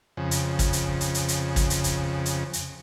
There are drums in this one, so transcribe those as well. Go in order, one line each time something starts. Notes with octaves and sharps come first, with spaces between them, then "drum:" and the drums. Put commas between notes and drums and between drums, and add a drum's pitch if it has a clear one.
F2 C#3
drum: hi-hat
drum: kick, hi-hat
drum: hi-hat
drum: hi-hat
drum: hi-hat
drum: hi-hat
drum: kick, hi-hat
drum: hi-hat
drum: hi-hat
drum: hi-hat
drum: hi-hat